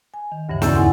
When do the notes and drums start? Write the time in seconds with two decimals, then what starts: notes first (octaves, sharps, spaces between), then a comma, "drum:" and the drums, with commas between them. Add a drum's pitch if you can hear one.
0.14 G#5
0.32 D#3
0.49 D2 G2 C#3 E3
0.62 E2 C#4 D5 E6 G6 A6, drum: snare
0.75 D#4 E4 F#5 G#5 C6